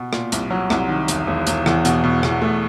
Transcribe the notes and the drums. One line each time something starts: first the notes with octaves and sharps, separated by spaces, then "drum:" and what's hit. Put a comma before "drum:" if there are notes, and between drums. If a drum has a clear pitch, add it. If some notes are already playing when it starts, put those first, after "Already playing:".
Already playing: B2
A#2, drum: rim click
C2, drum: hi-hat
F#3
C2, drum: rim click
D#3
E1, drum: hi-hat
E1
E1, drum: hi-hat
E2, drum: rim click
B2, drum: hi-hat
B2
E2, drum: rim click
A3